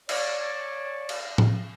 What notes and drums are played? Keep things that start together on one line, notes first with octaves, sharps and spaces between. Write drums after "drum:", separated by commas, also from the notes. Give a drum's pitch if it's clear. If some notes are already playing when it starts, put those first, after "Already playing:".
C#5 D5, drum: cymbal
drum: cymbal
drum: tom A2